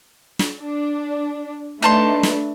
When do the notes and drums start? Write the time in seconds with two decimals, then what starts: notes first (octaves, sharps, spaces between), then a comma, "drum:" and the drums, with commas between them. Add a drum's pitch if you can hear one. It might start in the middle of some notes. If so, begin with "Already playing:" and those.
0.39 drum: snare
0.61 D4
1.82 A3 D4 D#4 B4 A5 C6
2.23 drum: snare